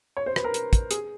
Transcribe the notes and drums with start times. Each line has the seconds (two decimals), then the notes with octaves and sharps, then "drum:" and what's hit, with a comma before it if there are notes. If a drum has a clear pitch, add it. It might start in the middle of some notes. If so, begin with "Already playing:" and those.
0.17 C#5
0.26 C5
0.36 B4, drum: rim click
0.44 A#4
0.54 drum: hi-hat
0.73 drum: kick, hi-hat
0.91 G#4, drum: hi-hat